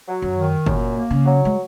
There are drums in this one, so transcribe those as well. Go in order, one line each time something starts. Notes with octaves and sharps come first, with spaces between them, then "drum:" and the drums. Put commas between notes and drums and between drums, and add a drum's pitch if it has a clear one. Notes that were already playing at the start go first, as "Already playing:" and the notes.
F#3
F#2
D#3
F#2 A#2, drum: kick F#1
A#3
C#3
F#3
G#3